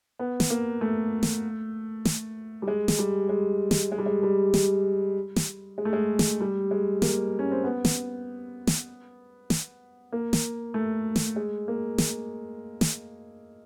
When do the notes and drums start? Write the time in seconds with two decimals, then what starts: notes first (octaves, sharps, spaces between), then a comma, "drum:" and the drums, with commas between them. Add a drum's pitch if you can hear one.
0.19 B3
0.40 drum: snare
0.50 A#3
0.81 A3
1.23 drum: snare
2.05 drum: snare
2.62 G3
2.68 G#3
2.88 drum: snare
2.99 G3
3.29 G#3
3.71 drum: snare
3.92 G#3
3.98 G3
4.06 G#3
4.23 G3
4.54 drum: snare
5.36 drum: snare
5.78 G#3
5.85 A3
5.93 G#3
6.19 drum: snare
6.40 G3
6.71 G#3
7.02 A#3, drum: snare
7.39 C#4
7.52 C4
7.64 B3
7.85 drum: snare
8.67 drum: snare
9.50 drum: snare
10.12 A#3
10.33 drum: snare
10.74 A3
11.16 drum: snare
11.36 G#3
11.68 A#3
11.98 drum: snare
12.81 drum: snare